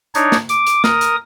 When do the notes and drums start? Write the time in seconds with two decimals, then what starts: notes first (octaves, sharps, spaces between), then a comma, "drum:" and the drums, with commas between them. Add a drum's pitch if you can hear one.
0.15 D4 D#4 C#5, drum: hi-hat
0.32 drum: snare
0.49 D6, drum: hi-hat
0.67 drum: hi-hat
0.84 A#4 D#6, drum: snare
1.01 drum: hi-hat